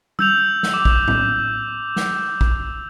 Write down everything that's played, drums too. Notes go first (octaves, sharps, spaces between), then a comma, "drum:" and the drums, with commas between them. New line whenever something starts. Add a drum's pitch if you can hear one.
E6 G6 F7, drum: tom G3
drum: snare
D6
drum: kick
drum: tom
drum: snare
drum: kick